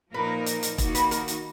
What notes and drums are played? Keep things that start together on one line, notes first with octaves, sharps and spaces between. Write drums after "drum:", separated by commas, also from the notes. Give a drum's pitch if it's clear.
A#2 F3 A#3 D#4 A#4 B4
drum: hi-hat
drum: hi-hat
D#3 A#3 D#4 F#4, drum: kick E1, hi-hat
B4, drum: hi-hat
A#4, drum: hi-hat
drum: hi-hat